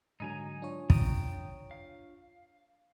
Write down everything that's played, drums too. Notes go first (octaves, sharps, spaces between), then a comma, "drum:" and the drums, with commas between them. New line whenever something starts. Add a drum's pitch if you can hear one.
G#2 D3 F#3 D#4 G#5 A#5
D4 F4 C#5
G5 A#5 D#6, drum: kick
F5